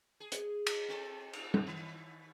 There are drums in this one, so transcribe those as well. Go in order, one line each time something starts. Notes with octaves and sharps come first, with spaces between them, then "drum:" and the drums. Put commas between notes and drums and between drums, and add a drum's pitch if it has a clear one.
G#4
drum: hi-hat
drum: cymbal
C4 A4
drum: cymbal
drum: tom G3
D#3